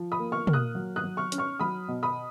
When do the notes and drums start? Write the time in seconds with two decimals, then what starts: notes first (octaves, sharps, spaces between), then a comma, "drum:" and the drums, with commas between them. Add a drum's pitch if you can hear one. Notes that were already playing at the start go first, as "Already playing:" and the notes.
Already playing: F3
0.12 B5 D#6
0.19 A#3
0.32 C#6 F6
0.47 A#3, drum: tom
0.53 D#6 F#6
0.75 F#3
0.96 D#6 F#6
1.04 F#3
1.17 C#6 F6
1.32 C#4, drum: hi-hat
1.38 C#6 F6
1.59 F#3 B5 D#6
1.88 B2
2.03 B5 D#6